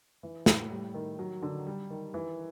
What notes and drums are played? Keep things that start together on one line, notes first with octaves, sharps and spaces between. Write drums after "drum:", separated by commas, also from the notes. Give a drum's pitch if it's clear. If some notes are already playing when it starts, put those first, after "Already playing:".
E3
A2, drum: snare
G3
D#3
F#3
D3
G3
D#3
E3